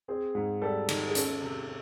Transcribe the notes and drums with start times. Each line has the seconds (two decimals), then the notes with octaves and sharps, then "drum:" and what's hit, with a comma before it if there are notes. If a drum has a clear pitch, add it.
0.08 C4 G#4
0.35 G#2
0.61 G3 A4
0.89 D#3, drum: cymbal
1.08 G#4
1.15 C#4 A4, drum: hi-hat
1.42 C3